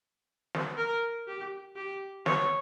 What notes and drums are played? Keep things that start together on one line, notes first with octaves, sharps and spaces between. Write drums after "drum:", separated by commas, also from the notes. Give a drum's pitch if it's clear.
drum: snare
A#4
G4
G4
C#5, drum: snare